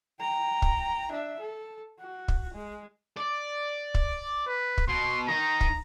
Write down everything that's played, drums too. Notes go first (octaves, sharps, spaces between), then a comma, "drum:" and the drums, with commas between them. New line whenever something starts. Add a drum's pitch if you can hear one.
G5 A#5
drum: kick
D4 E5
A4
F#4
drum: kick
G#3
D5
drum: kick
B4
drum: kick
B2 C6
D#3 D#4 A#5
drum: kick